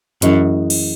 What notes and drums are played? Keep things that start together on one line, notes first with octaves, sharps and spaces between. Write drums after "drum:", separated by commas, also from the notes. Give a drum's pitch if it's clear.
F#2 E3 A3 E4 G#4 D#5, drum: hi-hat
drum: cymbal